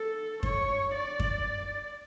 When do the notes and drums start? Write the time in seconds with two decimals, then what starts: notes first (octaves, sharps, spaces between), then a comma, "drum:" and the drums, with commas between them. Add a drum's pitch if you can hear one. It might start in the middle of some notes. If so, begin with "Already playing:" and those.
Already playing: A4
0.43 C#5, drum: kick F#2
0.94 D5
1.20 drum: kick F#2